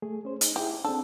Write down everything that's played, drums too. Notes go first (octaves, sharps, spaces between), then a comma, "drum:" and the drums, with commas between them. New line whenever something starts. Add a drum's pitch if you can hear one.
A3 G#4
C#4 C5
D#4, drum: hi-hat
E4 G4 G#4
C4 D4 A4